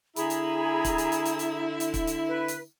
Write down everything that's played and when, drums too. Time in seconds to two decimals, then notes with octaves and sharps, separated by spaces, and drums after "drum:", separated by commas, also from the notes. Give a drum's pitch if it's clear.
0.16 D3 E4 G#4 A#5 B5, drum: hi-hat
0.30 drum: hi-hat
0.85 drum: kick, hi-hat
0.98 drum: hi-hat
1.12 drum: hi-hat
1.25 drum: hi-hat
1.39 drum: hi-hat
1.80 drum: hi-hat
1.94 drum: kick, hi-hat
2.07 drum: hi-hat
2.28 B4
2.48 drum: hi-hat